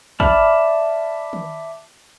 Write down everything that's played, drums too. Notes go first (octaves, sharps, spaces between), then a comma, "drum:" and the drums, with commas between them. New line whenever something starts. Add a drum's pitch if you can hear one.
D5 E5 A5 B5 F6, drum: kick
drum: tom D#3